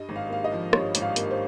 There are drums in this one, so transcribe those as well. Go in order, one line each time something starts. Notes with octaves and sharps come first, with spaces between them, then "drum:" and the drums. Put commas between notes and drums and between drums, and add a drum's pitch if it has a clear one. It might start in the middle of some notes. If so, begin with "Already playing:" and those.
Already playing: G2 D#5
G#1
F5
A#3 F5
D#5
F3
G2 C#5, drum: rim click
G#1, drum: hi-hat
F5
A#3, drum: hi-hat
C5